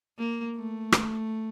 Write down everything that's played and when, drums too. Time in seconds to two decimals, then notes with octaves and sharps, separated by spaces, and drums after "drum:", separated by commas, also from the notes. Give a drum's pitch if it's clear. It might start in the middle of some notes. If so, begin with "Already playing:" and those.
0.18 A#3
0.56 A3
0.92 drum: rim click